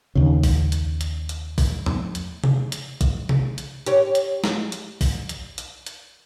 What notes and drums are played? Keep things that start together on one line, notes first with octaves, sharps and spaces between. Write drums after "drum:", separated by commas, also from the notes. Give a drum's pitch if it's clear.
D#2 C#3
drum: kick A#1, open hi-hat
drum: hi-hat
drum: hi-hat
drum: hi-hat
drum: kick A#1, open hi-hat
drum: tom E2
drum: hi-hat
drum: tom C3
drum: hi-hat
drum: kick A#1, hi-hat
drum: tom C3
drum: hi-hat
G4 C#5, drum: hi-hat
drum: hi-hat
drum: snare
drum: hi-hat
drum: kick A#1, open hi-hat
drum: hi-hat
drum: hi-hat
drum: hi-hat